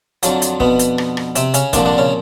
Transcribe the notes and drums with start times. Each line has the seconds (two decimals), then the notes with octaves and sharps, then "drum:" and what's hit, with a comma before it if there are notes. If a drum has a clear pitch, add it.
0.23 F2 D3 F3 F#3, drum: hi-hat
0.42 drum: hi-hat
0.60 B2 B3, drum: kick
0.79 drum: hi-hat
0.98 drum: rim click
1.17 drum: rim click
1.35 C3 C4, drum: hi-hat
1.54 C#3 C#4, drum: hi-hat
1.73 C2 A#2 D3 F3 D4, drum: kick, hi-hat
1.85 D3 D4
1.98 C#3 C#4